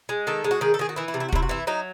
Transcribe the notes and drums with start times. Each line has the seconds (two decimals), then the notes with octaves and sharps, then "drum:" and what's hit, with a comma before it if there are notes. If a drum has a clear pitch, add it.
0.09 G#3
0.27 D#3 A4
0.44 G#3
0.51 F#4
0.61 D#3 G#4
0.74 A4
0.79 D#3 G#4
0.89 F#4
0.96 E3 E4
1.08 E4
1.14 C3
1.20 E4
1.29 F#4
1.32 C3 E4, drum: kick
1.42 F#4
1.49 E3 E4
1.67 F#3 D#4